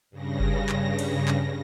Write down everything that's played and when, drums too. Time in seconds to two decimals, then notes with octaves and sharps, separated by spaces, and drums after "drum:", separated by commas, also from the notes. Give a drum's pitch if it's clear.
0.10 G2 C#3 A#6
0.40 drum: kick F#1
0.69 drum: clap
0.99 drum: cymbal
1.28 drum: clap